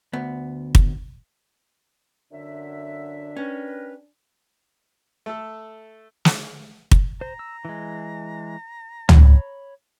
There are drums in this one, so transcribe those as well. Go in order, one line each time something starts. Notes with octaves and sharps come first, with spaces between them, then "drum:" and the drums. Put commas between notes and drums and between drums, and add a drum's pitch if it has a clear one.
D2 B3
drum: kick
F#2 D3 D4 E5
C#4 G4 A#4 B4
A3 A4
drum: snare
drum: kick
C5 A#5
E6
E3 G#3
C#5 B5, drum: tom